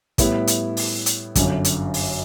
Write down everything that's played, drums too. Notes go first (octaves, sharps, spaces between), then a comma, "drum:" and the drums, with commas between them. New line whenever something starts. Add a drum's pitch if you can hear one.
A2 G3 B3 E4, drum: kick, hi-hat
drum: hi-hat
drum: open hi-hat
drum: hi-hat
G1 F#2 D3, drum: kick, hi-hat
drum: hi-hat
drum: open hi-hat